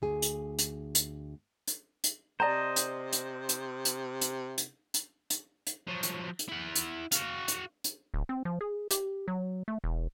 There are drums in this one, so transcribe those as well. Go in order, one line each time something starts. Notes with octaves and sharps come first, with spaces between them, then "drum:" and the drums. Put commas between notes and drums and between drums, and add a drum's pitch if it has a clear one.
D2 G#4
drum: hi-hat
drum: hi-hat
drum: hi-hat
drum: hi-hat
drum: hi-hat
C3 C5 D5 D#5 A5 A#5
drum: hi-hat
drum: hi-hat
drum: hi-hat
drum: hi-hat
drum: hi-hat
drum: hi-hat
drum: hi-hat
drum: hi-hat
drum: hi-hat
F3 F#3
drum: hi-hat
drum: hi-hat
E4 F#5
drum: hi-hat
F#4 F5, drum: hi-hat
drum: hi-hat
drum: hi-hat
D1
C4
F3
G#4
G4, drum: hi-hat
F#3
A3
E1